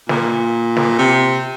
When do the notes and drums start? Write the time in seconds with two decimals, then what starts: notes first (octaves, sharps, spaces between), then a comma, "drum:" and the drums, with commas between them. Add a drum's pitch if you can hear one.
0.09 A#2, drum: snare
0.77 drum: snare
0.98 C3